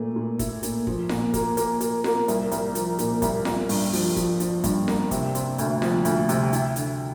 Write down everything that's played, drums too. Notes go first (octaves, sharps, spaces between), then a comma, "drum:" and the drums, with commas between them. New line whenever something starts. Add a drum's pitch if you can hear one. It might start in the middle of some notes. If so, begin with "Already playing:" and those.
Already playing: A#2 A3
A#2
E4, drum: kick, hi-hat
A#2, drum: hi-hat
F3, drum: kick
A#2, drum: snare F4
A#3, drum: kick, hi-hat
A#3, drum: hi-hat
A#3, drum: hi-hat
A#3, drum: snare F4
C2, drum: hi-hat
C2, drum: hi-hat
F3, drum: hi-hat
A#2, drum: hi-hat
C2, drum: kick, hi-hat
C2, drum: snare F4
G2, drum: open hi-hat
F3, drum: open hi-hat
F3, drum: kick, hi-hat
F3, drum: hi-hat
G2, drum: kick, hi-hat
A#3, drum: snare F4
C3, drum: kick, hi-hat
C4, drum: hi-hat
D2, drum: hi-hat
F3, drum: snare F4
D2, drum: hi-hat
C3, drum: hi-hat
E4, drum: hi-hat
D3, drum: hi-hat